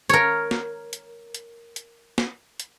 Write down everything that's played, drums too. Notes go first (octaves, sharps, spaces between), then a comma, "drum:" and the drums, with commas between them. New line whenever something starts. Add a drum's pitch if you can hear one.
A#4 C#5, drum: hi-hat
drum: snare
drum: hi-hat
drum: hi-hat
drum: hi-hat
drum: snare
drum: hi-hat